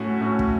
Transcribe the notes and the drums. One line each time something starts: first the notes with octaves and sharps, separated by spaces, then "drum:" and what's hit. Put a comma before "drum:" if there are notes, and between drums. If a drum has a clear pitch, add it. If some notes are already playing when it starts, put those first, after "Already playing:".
Already playing: A2 A3 C#4 F#4
A2 A3 C#4 F#4
drum: kick